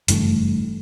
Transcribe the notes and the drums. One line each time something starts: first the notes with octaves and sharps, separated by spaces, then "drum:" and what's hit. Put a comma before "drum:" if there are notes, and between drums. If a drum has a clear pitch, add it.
F#1 G2 E3 A3, drum: hi-hat